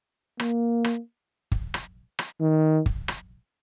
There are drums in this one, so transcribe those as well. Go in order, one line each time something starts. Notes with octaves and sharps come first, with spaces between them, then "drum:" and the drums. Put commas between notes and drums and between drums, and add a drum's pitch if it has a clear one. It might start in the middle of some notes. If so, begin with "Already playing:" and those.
A#3, drum: rim click
drum: rim click
drum: kick
drum: rim click
drum: rim click
D#3
drum: kick
drum: rim click